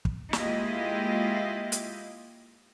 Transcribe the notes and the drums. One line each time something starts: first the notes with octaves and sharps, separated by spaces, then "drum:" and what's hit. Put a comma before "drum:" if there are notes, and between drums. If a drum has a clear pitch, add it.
drum: kick
G#3 A#3 E4 F4 G4 D#5, drum: snare
drum: hi-hat